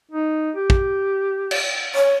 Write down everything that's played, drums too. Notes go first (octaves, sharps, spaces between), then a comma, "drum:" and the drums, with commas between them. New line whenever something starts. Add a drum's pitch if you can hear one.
D#4
G4
drum: kick
drum: cymbal
C#5